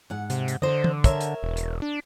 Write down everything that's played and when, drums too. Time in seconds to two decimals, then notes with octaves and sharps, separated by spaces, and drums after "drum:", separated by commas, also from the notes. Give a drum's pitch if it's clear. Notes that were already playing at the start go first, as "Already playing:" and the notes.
0.10 G#2 F#5
0.30 C3, drum: hi-hat
0.48 drum: hi-hat
0.62 D3 C5 D#5
0.84 drum: tom
1.04 A#4 C#5 E5, drum: kick, hi-hat
1.21 drum: hi-hat
1.43 E1
1.57 drum: hi-hat
1.82 D4